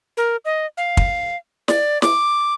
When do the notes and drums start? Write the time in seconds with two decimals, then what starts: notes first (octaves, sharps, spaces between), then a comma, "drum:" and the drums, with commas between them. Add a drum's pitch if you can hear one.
0.17 A#4
0.45 D#5
0.77 F5
0.97 drum: kick
1.68 D5, drum: snare
2.02 D6, drum: snare